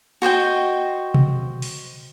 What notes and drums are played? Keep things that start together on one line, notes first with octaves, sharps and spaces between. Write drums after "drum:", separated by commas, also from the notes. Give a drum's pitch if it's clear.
F#4 C5 D#5 G5
drum: tom B2
drum: open hi-hat